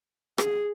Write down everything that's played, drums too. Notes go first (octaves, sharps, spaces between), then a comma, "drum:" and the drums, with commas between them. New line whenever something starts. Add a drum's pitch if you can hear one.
G#4, drum: rim click